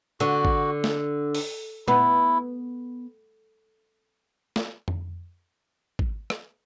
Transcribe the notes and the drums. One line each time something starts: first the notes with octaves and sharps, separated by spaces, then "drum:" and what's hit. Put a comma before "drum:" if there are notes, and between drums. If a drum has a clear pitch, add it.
D3 F#4, drum: hi-hat
drum: kick
drum: snare
drum: open hi-hat
B3 E4, drum: tom A#2
drum: snare
drum: tom F2
drum: kick
drum: rim click